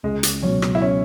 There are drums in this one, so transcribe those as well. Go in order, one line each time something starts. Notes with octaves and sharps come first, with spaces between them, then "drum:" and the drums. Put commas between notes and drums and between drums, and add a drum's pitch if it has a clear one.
C#2 G#3
drum: hi-hat
B2 F#3 C#4
drum: rim click
E4
C#4